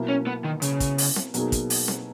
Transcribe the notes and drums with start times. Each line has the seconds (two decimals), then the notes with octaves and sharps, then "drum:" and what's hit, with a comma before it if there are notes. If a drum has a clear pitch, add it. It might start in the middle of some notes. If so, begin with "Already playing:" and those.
Already playing: B2 F#3 A#3 E4
0.08 C#4
0.27 B3
0.44 D#3
0.62 C#3, drum: hi-hat
0.80 drum: kick, hi-hat
0.98 drum: open hi-hat
1.16 drum: snare C4
1.34 B2 F#3 A#3 D#4 G#4, drum: hi-hat
1.52 drum: kick, hi-hat
1.70 drum: open hi-hat
1.88 drum: snare C4